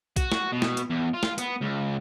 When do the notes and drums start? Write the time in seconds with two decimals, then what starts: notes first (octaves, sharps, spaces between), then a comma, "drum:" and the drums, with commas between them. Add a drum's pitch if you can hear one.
0.16 F#4, drum: kick B1, hi-hat
0.32 drum: snare
0.52 B2
0.62 drum: snare
0.77 drum: hi-hat
0.90 E2
1.14 F4
1.23 drum: snare
1.38 B3, drum: hi-hat
1.61 C#2